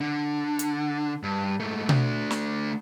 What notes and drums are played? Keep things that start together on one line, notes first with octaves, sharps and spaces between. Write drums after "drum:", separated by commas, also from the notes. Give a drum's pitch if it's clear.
D3
drum: hi-hat
G2
G#2 A3
A3 D4, drum: tom B2
drum: snare